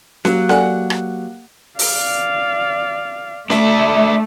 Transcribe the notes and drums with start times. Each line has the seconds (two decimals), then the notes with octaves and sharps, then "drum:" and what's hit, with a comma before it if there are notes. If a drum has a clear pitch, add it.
0.25 F#3 A#3 G4 F#6, drum: snare C#4
0.49 A4 D5 F#5 G#5, drum: snare C#4
0.90 drum: rim click
1.79 D5 F5, drum: open hi-hat
3.50 A3 D4 E5, drum: snare C#4